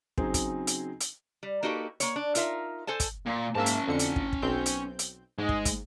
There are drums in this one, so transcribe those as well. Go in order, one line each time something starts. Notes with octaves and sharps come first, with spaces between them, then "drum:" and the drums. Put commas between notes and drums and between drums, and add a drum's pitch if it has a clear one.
C#3 F#3 C4 D#4 G#4 C5, drum: kick
drum: kick, hi-hat
drum: hi-hat
drum: hi-hat
G3
A#3 D#4 F#4 G4 A4 B4
A#3 C#5, drum: hi-hat
D4
D#4 F4 A#4 E5, drum: hi-hat
A4 C5 G#5 A5
drum: kick, hi-hat
A#2
G#2 A#3 C#4 E5 A5
drum: hi-hat
F2 D3 C#7
drum: hi-hat
drum: kick
drum: kick
B1 C4 G6
drum: hi-hat
drum: hi-hat
G#2 G#3
drum: kick
drum: kick, hi-hat